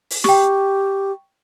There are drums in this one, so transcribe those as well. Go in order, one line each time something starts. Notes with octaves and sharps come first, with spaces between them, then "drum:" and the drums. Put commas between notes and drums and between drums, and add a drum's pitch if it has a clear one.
drum: open hi-hat
G4 G5 C#6, drum: snare